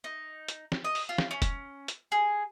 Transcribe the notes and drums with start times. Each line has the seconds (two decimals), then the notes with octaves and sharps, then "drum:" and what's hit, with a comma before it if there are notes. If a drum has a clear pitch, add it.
0.04 D#4
0.48 drum: hi-hat
0.72 drum: snare
0.84 D#5
0.95 drum: open hi-hat
1.09 F4
1.18 drum: snare
1.31 C#4
1.42 drum: kick, hi-hat
1.88 drum: hi-hat
2.12 G#4